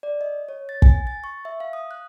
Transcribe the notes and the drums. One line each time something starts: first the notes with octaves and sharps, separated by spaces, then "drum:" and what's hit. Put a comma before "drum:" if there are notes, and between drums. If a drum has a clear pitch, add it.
D5
D#5
C#5
A6
G#5, drum: kick
A6
C#6
E5
F5
D#6
F#6